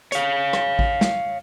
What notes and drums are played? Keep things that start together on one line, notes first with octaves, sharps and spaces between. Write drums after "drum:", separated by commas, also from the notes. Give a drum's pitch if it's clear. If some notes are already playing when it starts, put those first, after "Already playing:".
C#5 F5, drum: hi-hat
drum: rim click
drum: kick A1
drum: snare